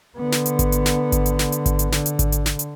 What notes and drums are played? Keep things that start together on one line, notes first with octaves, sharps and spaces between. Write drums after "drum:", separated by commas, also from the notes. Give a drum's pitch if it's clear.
D3 B3
drum: snare
drum: hi-hat
drum: kick G#1, hi-hat
drum: hi-hat
drum: snare
drum: kick G#1, hi-hat
drum: hi-hat
drum: snare
drum: hi-hat
drum: kick G#1, hi-hat
drum: hi-hat
D3, drum: snare
drum: hi-hat
drum: kick G#1, hi-hat
drum: hi-hat
drum: snare
drum: hi-hat